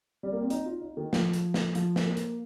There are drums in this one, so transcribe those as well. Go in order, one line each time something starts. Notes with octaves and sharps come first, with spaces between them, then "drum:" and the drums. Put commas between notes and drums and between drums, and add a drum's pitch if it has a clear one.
G3
A#3
C4
D#4, drum: hi-hat
F4
D#4
D#3
F3, drum: snare
drum: hi-hat
drum: snare
F3, drum: hi-hat
drum: snare
A#3
drum: hi-hat